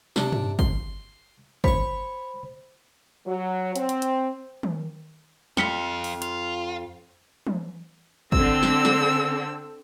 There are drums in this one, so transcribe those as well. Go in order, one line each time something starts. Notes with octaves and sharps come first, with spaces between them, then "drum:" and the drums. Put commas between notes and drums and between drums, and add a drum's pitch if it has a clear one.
C3 D4, drum: snare
drum: tom
C6, drum: kick
C5 C#5 B5 C#6 B6, drum: kick
F#3
C4, drum: hi-hat
drum: hi-hat
drum: hi-hat
drum: tom D#3
F2 C4 F4 B6 C#7 G7, drum: snare
drum: open hi-hat
F4, drum: hi-hat
drum: tom
D3 C4 E6, drum: kick
drum: snare
drum: snare